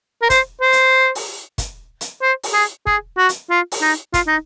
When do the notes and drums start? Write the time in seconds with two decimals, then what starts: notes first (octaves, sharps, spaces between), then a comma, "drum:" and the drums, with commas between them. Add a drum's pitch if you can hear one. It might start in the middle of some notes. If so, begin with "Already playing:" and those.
0.22 A#4
0.30 C5, drum: kick, hi-hat
0.61 C5
0.73 drum: hi-hat
1.15 drum: open hi-hat
1.58 drum: kick, hi-hat
2.01 drum: hi-hat
2.22 C5
2.43 drum: open hi-hat
2.54 G#4
2.87 G#4, drum: kick
3.18 F#4
3.29 drum: hi-hat
3.50 F4
3.72 drum: open hi-hat
3.82 D#4
4.14 F4, drum: kick, hi-hat
4.28 D#4